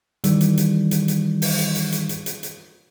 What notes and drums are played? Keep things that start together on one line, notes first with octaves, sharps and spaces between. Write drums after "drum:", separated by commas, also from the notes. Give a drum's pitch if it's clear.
D#3 E3 G3, drum: hi-hat
drum: hi-hat
drum: hi-hat
drum: hi-hat
drum: hi-hat
drum: open hi-hat
drum: hi-hat
drum: hi-hat
drum: hi-hat
drum: hi-hat
drum: hi-hat
drum: hi-hat